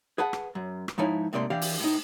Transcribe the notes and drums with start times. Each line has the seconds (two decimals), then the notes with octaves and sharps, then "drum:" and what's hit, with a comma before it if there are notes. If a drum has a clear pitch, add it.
0.18 G#4 B4 F#5 A5
0.33 drum: rim click
0.55 F#2
0.88 drum: rim click
0.98 G#2 F3 D#4 E4 C#5 G#5
1.33 G#2 C3 A3 A#3 D5 C6
1.50 E3 D4 G4 F5
1.61 drum: open hi-hat
1.80 A2 D#4